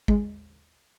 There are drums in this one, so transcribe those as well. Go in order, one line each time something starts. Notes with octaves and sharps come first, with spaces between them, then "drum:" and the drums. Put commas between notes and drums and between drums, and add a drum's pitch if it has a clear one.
G#3, drum: kick